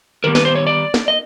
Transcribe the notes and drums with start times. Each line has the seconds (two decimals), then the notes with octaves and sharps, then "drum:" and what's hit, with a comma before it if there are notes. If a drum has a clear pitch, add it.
0.24 D#3 G3 B3 A#4
0.35 B4, drum: snare
0.45 C5
0.56 C#5
0.67 D5
0.94 drum: snare
1.08 D#5